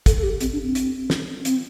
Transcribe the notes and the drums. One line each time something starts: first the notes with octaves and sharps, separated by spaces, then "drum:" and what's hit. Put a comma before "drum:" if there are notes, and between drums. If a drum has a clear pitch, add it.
A4, drum: kick, hi-hat
A4
G4
C4, drum: hi-hat
D4
C4
drum: hi-hat
drum: snare
C4, drum: hi-hat